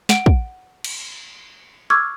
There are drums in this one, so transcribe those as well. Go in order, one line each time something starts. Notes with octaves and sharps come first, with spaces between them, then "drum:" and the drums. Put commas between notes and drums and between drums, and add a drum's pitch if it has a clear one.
F#5 D7, drum: snare
drum: kick
drum: cymbal
C#6 D6 E6 F6 G#6